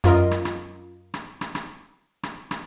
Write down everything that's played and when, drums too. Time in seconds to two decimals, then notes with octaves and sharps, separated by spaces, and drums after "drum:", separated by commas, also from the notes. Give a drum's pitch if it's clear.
0.04 F#2 F4 A#4 D#5, drum: rim click
0.31 drum: rim click
0.45 drum: rim click
1.14 drum: rim click
1.41 drum: rim click
1.55 drum: rim click
2.23 drum: rim click
2.51 drum: rim click